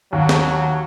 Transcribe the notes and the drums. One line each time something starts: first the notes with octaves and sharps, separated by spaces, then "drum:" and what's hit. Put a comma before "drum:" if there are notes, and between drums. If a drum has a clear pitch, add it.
D#2 F#3
drum: snare